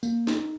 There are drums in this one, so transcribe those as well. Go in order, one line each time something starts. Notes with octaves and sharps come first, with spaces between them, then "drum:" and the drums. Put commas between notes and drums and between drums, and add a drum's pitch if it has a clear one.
A#3, drum: tambourine
D#4, drum: snare